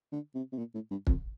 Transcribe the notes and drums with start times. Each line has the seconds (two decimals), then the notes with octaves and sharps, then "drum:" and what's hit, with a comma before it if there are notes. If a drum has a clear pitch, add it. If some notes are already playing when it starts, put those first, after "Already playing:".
0.12 D3
0.35 C3
0.52 C3
0.58 A#2
0.74 A2
0.91 G2
1.07 F2, drum: kick